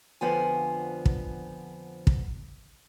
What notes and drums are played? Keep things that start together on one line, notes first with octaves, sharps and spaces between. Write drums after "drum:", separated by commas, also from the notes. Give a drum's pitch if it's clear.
F2 D3 F3 B3 G#5
drum: kick
drum: kick